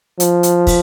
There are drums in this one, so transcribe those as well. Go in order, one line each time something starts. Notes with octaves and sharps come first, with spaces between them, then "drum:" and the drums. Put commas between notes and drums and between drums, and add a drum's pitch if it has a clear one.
F3, drum: hi-hat
drum: hi-hat
drum: kick, open hi-hat